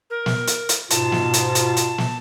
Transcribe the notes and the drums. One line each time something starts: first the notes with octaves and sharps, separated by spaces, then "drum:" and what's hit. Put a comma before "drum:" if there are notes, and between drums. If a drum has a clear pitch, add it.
A#4
drum: snare
drum: hi-hat
drum: hi-hat
G#2 B2 F4 A5, drum: hi-hat
drum: snare
drum: hi-hat
drum: hi-hat
drum: hi-hat
drum: snare